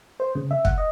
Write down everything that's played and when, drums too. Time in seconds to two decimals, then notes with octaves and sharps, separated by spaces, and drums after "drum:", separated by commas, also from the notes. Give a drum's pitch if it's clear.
0.20 C5
0.35 C#3
0.51 E5
0.65 F#5, drum: kick
0.78 D#5